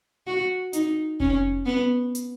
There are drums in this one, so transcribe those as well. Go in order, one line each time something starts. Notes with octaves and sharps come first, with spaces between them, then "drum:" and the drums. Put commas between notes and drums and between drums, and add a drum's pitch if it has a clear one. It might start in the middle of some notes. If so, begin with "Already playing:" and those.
F#4
D#4, drum: hi-hat
C#4, drum: kick F1
B3
drum: hi-hat